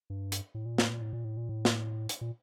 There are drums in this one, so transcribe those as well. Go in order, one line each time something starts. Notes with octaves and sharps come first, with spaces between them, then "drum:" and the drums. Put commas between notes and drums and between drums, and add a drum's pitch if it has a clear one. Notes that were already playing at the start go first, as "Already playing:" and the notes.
G2
drum: hi-hat
A2
A#2
A2, drum: snare
A#2
A2
A#2
A2
A#2
A2
drum: snare
drum: hi-hat
A#2